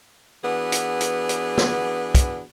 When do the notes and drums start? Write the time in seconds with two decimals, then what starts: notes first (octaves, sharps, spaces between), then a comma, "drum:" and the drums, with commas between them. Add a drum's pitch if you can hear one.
0.44 E3 B3 D4 F#4 G#4
0.72 drum: hi-hat
1.01 drum: hi-hat
1.29 drum: hi-hat
1.58 drum: snare
2.15 drum: kick, hi-hat